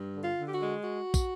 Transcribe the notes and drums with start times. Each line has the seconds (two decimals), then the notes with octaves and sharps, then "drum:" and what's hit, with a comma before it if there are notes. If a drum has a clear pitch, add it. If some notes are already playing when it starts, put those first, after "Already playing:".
Already playing: G2
0.17 D3
0.23 F4
0.39 D3
0.48 G4
0.54 F#4
0.62 G#3
0.84 F#4
1.14 drum: kick, tambourine